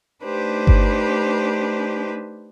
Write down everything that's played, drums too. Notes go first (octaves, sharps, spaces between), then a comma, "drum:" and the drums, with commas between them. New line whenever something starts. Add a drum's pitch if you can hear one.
A3 D4 D#4 G4 B4 C5
drum: kick G1